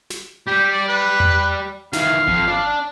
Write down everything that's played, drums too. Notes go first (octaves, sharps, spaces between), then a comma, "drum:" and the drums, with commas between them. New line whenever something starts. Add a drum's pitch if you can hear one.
drum: snare
G3 G4
D5
B4
drum: tom E2
D#3 E3 F5, drum: snare
F2, drum: kick G#1
D5 A5